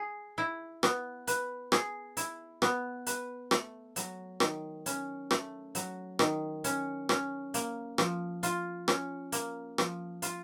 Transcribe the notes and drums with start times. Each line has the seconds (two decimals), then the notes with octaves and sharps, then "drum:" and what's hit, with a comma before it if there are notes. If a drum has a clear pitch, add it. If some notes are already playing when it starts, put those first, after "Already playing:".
Already playing: G#4
0.38 E4
0.83 B3, drum: rim click
1.27 B4, drum: hi-hat
1.72 G#4, drum: rim click
2.17 E4, drum: hi-hat
2.62 B3, drum: rim click
3.06 B4, drum: hi-hat
3.51 A3, drum: rim click
3.96 F#3, drum: hi-hat
4.40 D#3, drum: rim click
4.86 C#4, drum: hi-hat
5.31 A3, drum: rim click
5.75 F#3, drum: hi-hat
6.19 D#3, drum: rim click
6.64 C#4, drum: hi-hat
7.09 C#4, drum: rim click
7.54 A#3, drum: hi-hat
7.98 F3, drum: rim click
8.43 F4, drum: hi-hat
8.88 C#4, drum: rim click
9.32 A#3, drum: hi-hat
9.78 F3, drum: rim click
10.22 F4, drum: hi-hat